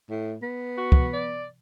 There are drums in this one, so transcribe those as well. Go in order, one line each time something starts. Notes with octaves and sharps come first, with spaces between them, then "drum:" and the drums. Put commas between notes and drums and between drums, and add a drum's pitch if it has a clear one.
A2
B3
F#4
drum: kick
D5